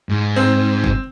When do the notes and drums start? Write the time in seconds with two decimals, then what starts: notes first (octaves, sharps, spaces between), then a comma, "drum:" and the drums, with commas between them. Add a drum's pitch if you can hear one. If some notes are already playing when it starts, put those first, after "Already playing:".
0.09 G#2
0.36 C4
0.84 drum: kick F#1